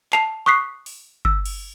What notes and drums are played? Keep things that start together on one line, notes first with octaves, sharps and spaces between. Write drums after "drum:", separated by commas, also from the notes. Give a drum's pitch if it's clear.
A5 C7 F7, drum: clap
C#6 D#6 F#6 B6 C7
drum: open hi-hat
E6, drum: kick G1
drum: cymbal